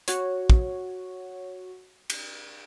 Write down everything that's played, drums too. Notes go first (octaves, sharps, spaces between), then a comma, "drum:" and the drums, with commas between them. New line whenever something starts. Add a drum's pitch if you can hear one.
F#4 C#5, drum: hi-hat
drum: kick
drum: cymbal